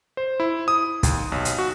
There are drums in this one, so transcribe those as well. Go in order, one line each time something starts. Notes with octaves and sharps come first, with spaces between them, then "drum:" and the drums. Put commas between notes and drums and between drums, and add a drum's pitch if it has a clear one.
C5
E4
D#6
D#2, drum: kick, hi-hat
B1
drum: hi-hat
F#4